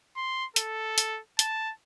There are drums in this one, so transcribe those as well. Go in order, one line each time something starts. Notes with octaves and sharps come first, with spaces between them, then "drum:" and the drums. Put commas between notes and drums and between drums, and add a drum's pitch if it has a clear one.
C6
A4, drum: hi-hat
drum: hi-hat
A5, drum: hi-hat